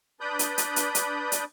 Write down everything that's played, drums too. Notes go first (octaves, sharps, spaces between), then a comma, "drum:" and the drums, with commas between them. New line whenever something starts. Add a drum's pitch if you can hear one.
D4 B4 D5 B5 D#6 G6
drum: hi-hat
drum: hi-hat
drum: hi-hat
drum: hi-hat
drum: hi-hat